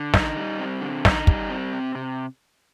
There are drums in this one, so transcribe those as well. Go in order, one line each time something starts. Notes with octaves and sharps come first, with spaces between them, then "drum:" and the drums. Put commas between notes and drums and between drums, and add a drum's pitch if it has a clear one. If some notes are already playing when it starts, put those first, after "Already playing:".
Already playing: D3
D#4, drum: snare
G3
C4
D3
D#4, drum: snare
G3, drum: kick
C4
C3
C3